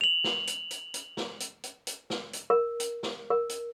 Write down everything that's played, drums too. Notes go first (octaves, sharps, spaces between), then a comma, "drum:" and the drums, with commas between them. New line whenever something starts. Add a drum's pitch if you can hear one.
F7 F#7
drum: snare
drum: hi-hat
drum: hi-hat
drum: hi-hat
drum: snare
drum: hi-hat
drum: hi-hat
drum: hi-hat
drum: snare
drum: hi-hat
A#4
drum: hi-hat
drum: snare
A#4
drum: hi-hat